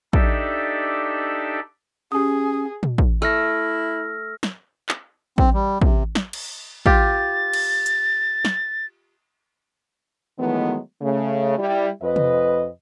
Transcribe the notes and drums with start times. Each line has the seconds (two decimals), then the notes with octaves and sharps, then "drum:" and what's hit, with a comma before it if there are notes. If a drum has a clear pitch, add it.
0.13 D4 D#4 G4 A4 D5 E5, drum: kick
2.12 C#4 G4 G#4 D#6
2.83 drum: tom A#2
2.98 drum: kick
3.22 A3 E4 E6 F6 A#6
4.43 drum: snare
4.89 drum: clap
5.38 C4, drum: kick
5.54 G3
5.82 C3, drum: kick
6.15 drum: snare
6.33 drum: cymbal
6.86 F4 G4 A6, drum: kick
7.53 drum: cymbal
7.86 drum: hi-hat
8.45 drum: snare
10.39 D#3 E3 F#3 G#3 A3 B3
11.01 C#3 A3
11.59 G3 E4
12.02 F2 B4 D#5
12.16 drum: tom C3